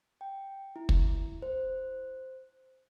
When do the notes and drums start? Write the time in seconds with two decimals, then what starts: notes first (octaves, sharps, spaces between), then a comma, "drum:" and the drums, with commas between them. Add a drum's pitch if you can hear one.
0.21 G5
0.76 E4
0.89 drum: kick
1.42 C5